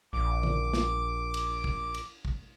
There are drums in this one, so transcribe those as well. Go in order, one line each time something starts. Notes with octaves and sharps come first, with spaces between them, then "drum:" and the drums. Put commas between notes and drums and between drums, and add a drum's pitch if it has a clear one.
A#1 D6
drum: tom D3
drum: snare
drum: cymbal
drum: kick
drum: cymbal
drum: kick